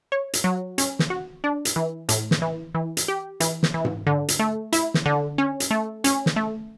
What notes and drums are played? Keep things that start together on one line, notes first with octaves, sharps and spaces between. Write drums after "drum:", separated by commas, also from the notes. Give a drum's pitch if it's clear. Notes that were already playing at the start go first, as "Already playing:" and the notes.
C#5
drum: hi-hat
F#3
C#4, drum: hi-hat
drum: snare
F#4
D4
drum: hi-hat
E3
A2, drum: hi-hat
drum: snare
E3
E3
drum: hi-hat
G4
E3, drum: hi-hat
drum: snare
E3
drum: tom G#2
D3
drum: hi-hat
A3
E4, drum: hi-hat
drum: snare
D3
C#4
drum: hi-hat
A3
C#4, drum: hi-hat
drum: snare
A3